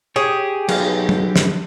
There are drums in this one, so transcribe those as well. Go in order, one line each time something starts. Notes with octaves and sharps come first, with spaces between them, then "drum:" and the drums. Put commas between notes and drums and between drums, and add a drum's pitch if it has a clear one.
G4 G#4 C#5
B1 F#3 F5, drum: cymbal
drum: tom
drum: snare